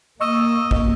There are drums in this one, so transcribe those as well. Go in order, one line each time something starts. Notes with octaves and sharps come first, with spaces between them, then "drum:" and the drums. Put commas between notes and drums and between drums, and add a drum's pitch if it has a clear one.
A#3 D#5 C#6 E6
drum: kick